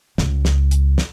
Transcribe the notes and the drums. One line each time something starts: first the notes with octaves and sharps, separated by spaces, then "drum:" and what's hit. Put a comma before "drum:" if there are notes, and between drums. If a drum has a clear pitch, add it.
C#2, drum: snare
drum: snare
drum: hi-hat
drum: snare